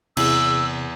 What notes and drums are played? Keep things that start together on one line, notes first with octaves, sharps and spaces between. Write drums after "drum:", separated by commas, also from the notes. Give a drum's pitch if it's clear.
E2 C3 E4 G#4 E6, drum: cymbal